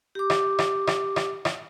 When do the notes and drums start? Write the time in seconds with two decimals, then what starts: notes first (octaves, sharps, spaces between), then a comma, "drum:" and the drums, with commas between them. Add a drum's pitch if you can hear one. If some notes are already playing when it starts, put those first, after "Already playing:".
0.15 G4 D6
0.30 drum: rim click
0.59 drum: rim click
0.87 drum: rim click
1.16 drum: rim click
1.45 drum: rim click